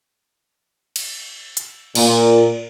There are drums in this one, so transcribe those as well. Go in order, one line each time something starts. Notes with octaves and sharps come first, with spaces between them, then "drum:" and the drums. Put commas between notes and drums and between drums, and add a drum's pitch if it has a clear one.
drum: cymbal
drum: hi-hat
A#2, drum: cymbal